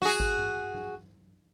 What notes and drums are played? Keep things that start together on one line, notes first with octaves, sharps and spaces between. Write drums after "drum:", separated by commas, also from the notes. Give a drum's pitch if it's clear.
F#4 G#4, drum: snare
drum: kick G#1
drum: tom G2
drum: tom